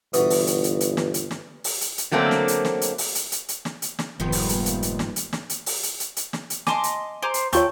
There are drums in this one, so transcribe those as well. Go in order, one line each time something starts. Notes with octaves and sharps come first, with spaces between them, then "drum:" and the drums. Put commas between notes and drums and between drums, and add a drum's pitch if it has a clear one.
G1 B2 E3 F#4, drum: hi-hat
drum: open hi-hat
drum: hi-hat
drum: hi-hat
drum: hi-hat
drum: snare
drum: hi-hat
drum: snare
drum: open hi-hat
drum: hi-hat
drum: hi-hat
D3 F#3 A3 A#3 C4 D4
drum: snare
drum: hi-hat
drum: snare
drum: hi-hat
drum: open hi-hat
drum: hi-hat
drum: hi-hat
drum: hi-hat
drum: snare
drum: hi-hat
drum: snare
F1 G#2 D#3 F3 G3 A#3 B3
drum: open hi-hat
drum: hi-hat
drum: hi-hat
drum: hi-hat
drum: snare
drum: hi-hat
drum: snare
drum: hi-hat
drum: open hi-hat
drum: hi-hat
drum: hi-hat
drum: hi-hat
drum: snare
drum: hi-hat
D#5 G#5 A5 C6 D6, drum: snare
drum: hi-hat
G#4 C5 A#5 D6 D7
drum: hi-hat
D#2 C3 F4 A4 C#5 G5 C#6, drum: hi-hat